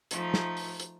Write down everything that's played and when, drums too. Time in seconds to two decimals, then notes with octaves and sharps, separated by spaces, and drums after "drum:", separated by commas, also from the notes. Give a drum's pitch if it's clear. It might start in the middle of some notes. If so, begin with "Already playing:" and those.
0.11 F3 A3 D#4, drum: hi-hat
0.34 drum: snare
0.57 drum: open hi-hat
0.80 drum: hi-hat